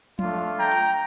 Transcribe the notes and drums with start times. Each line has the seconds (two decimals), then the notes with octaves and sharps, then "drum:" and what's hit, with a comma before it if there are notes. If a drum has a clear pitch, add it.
0.19 A3 D4 F4, drum: tom F3
0.58 G5 A#5
0.72 drum: hi-hat